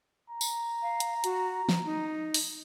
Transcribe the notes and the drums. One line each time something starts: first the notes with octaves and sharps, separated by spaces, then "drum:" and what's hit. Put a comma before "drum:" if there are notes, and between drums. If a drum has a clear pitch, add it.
A#5
drum: tambourine
F5
drum: hi-hat
F#4, drum: hi-hat
drum: snare
D#4
drum: open hi-hat